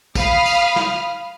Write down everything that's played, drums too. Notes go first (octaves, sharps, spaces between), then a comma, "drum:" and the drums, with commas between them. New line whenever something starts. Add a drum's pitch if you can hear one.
F5 B5 D#6 F6, drum: kick, tambourine
drum: tambourine
drum: snare